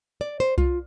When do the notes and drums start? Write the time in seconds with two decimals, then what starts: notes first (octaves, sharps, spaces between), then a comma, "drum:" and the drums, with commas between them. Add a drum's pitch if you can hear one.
0.21 D5
0.40 C5
0.58 F4, drum: kick C2